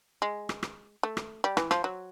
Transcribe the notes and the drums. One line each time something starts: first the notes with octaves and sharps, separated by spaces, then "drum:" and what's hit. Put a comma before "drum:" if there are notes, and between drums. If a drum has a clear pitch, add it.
G#3
drum: rim click
drum: rim click
A3
drum: rim click
G3
E3, drum: rim click
F3, drum: rim click
F#3